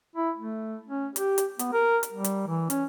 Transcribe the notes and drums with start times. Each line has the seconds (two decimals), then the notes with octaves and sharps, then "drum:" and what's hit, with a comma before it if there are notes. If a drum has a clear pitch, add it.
0.16 E4
0.38 A3
0.88 C#4
1.16 G4, drum: hi-hat
1.38 drum: hi-hat
1.59 B3, drum: hi-hat
1.73 A#4
2.03 drum: hi-hat
2.12 G3
2.24 drum: hi-hat
2.47 E3
2.70 C#4, drum: hi-hat